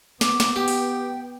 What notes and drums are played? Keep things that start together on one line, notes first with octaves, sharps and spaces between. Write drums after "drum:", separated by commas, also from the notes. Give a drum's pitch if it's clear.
B3 D6, drum: snare
drum: snare
G4 G5
drum: open hi-hat